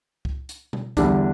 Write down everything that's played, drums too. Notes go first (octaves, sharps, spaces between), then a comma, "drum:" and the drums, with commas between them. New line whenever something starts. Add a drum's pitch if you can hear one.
drum: kick
drum: hi-hat
drum: tom B2
E2 D3 G3 D4, drum: kick, hi-hat